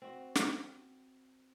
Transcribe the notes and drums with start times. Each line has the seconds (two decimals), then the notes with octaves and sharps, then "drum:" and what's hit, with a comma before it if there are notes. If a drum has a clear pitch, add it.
0.02 C4 F#4
0.35 drum: snare